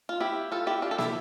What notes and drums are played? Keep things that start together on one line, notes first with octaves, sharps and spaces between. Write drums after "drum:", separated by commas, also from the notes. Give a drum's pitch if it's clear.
F4
E4 G4
F4 A4
E4 G4
D4 F4
A4
E4 G4, drum: snare